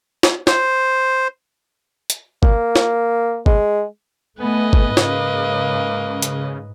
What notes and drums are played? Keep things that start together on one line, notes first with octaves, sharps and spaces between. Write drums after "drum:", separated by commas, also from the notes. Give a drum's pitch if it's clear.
drum: snare
C5, drum: snare
drum: hi-hat
A#3, drum: kick
drum: snare
G#3, drum: kick
A3 B3 B4 D#5 G#5
drum: kick
G#2 C#3 A#3, drum: snare
drum: hi-hat